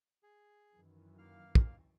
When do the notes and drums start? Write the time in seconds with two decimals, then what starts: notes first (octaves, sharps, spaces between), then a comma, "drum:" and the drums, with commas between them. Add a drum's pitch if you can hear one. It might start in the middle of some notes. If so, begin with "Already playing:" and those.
0.23 G#4
0.73 F#2 D#3 E3
1.18 A#3 F5 F6
1.55 drum: kick